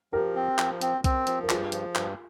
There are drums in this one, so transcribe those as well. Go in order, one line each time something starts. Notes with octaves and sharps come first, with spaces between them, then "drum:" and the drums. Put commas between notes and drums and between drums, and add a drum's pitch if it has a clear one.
F3 G4 A#4
C4
F3, drum: clap
C4, drum: hi-hat
C4, drum: kick C2, hi-hat
F3, drum: hi-hat
A#4
G2 F4 G#4, drum: clap
F3, drum: hi-hat
G2, drum: clap